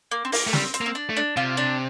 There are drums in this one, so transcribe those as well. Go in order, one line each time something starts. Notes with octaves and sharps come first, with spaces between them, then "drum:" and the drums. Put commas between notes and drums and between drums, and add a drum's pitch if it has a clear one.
A#3
C4
A#3, drum: open hi-hat
A3
G3 C4, drum: snare
C4, drum: hi-hat
A#3
C4
D4
A3
D4
C3 F4
D4